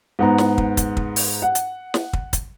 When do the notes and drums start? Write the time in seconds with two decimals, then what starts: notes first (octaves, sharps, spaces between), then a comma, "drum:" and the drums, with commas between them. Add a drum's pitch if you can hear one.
0.19 G#2 B3 A#5
0.38 drum: snare
0.58 drum: kick
0.77 drum: kick, hi-hat
0.97 drum: kick
1.16 drum: open hi-hat
1.42 F#5
1.55 drum: hi-hat
1.94 drum: snare
2.13 drum: kick
2.33 drum: kick, hi-hat